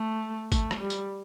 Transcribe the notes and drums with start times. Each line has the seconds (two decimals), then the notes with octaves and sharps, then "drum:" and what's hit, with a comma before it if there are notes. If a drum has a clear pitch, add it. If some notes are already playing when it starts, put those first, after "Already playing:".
Already playing: A3
0.52 A3, drum: kick, tambourine
0.71 drum: rim click
0.81 G3
0.90 drum: tambourine